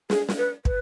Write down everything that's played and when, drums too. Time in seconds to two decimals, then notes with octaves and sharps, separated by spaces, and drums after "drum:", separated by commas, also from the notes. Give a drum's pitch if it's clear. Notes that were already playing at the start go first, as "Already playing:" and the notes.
0.10 G#4, drum: snare
0.28 drum: snare
0.38 B4
0.65 B4, drum: kick